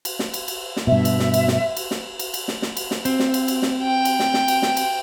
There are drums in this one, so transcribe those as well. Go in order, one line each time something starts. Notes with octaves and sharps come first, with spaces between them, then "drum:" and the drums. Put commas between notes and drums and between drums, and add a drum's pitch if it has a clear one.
drum: cymbal
drum: snare
drum: cymbal
drum: cymbal
drum: snare
G2 B2 E5
drum: cymbal
drum: snare
drum: cymbal
drum: snare
drum: cymbal
drum: snare
drum: cymbal
drum: cymbal
drum: snare
drum: snare
drum: cymbal
drum: snare
C4, drum: cymbal
drum: snare
drum: cymbal
drum: cymbal
drum: snare
G5
drum: cymbal
drum: snare
drum: snare
drum: cymbal
drum: snare
drum: cymbal